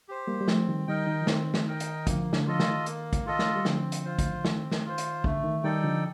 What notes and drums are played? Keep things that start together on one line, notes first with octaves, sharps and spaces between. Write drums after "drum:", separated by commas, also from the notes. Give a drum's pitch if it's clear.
G4 C5
G3 A#3
G3
F3 A3 C4, drum: snare
D#3 G3
D#3 G3 D#4 A#4 D#5 G5
D#3
F3
D#3 C4, drum: snare
drum: snare
D#4 A#4 D#5 G5
drum: hi-hat
D3 F3 A#3, drum: kick, hi-hat
D3, drum: snare
F3 F4 A4 D#5
D#3, drum: snare
A#3, drum: hi-hat
drum: kick, hi-hat
F4 A4 D#5
drum: snare
G3
D3 F3 C4, drum: snare
drum: hi-hat
F4 C5
drum: kick, hi-hat
D#3 C4, drum: snare
drum: snare
F4 C5
drum: hi-hat
D3 A3, drum: kick
D#3
D#3 G3 D#4 A4 D5 G5
D3 F3